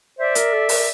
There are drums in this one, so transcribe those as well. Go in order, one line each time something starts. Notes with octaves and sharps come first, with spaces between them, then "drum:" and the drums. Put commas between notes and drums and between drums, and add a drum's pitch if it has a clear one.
C5 D5 E5
A#4, drum: hi-hat
A4
A#4, drum: open hi-hat